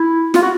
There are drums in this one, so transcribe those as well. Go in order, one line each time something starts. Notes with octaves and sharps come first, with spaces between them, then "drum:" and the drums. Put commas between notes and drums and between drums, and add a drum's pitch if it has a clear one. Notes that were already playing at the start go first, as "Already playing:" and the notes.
Already playing: E4
F4, drum: snare
F#4